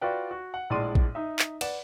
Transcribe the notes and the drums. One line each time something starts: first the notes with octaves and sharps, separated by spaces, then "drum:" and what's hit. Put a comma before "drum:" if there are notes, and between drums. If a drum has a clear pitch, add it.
F4 F#4 B4 D5 G5
F#4
F#5
A#1 A2 G#3 D5 C6 D#7
drum: kick
D#4 E5
drum: clap
B4 D5 F#5 E7, drum: cymbal